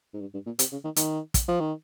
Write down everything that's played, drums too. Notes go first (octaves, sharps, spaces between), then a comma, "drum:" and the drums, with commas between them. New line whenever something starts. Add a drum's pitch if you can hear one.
G#2
G2
G2
A#2
C3, drum: hi-hat
C#3
D#3
D#3, drum: hi-hat
drum: kick, hi-hat
F3
D#3